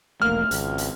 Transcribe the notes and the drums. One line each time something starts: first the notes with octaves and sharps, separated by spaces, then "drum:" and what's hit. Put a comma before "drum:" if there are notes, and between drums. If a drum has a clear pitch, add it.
E1 A#1 A3 A#3 F6
G#1 C#2, drum: hi-hat
drum: hi-hat